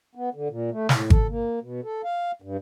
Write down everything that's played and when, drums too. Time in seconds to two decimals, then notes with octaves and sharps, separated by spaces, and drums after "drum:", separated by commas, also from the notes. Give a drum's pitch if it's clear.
0.15 B3
0.35 D3
0.50 A#2
0.71 A3
0.89 A2, drum: snare
1.10 A4, drum: kick G#1
1.29 A#3
1.62 B2
1.84 A4
2.04 F5
2.42 G2